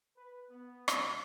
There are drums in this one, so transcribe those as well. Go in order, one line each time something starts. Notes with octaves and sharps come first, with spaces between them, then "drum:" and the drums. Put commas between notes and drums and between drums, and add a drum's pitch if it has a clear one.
B4
B3
B2, drum: rim click